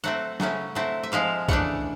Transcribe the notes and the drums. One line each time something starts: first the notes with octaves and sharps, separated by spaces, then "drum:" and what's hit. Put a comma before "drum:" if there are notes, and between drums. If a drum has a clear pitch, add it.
F#3 A3 C4 F#5
C#3 F#3 A3 C#4, drum: snare
F#3 A3 C4 E4
E5
F3 G#3 C4 E4 F5
C#3 E3 A3 D4 F#5, drum: kick